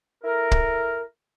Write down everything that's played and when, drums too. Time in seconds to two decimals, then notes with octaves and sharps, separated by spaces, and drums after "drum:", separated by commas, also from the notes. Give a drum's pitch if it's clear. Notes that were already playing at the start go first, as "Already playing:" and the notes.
0.24 E4 A4 A#4
0.51 drum: kick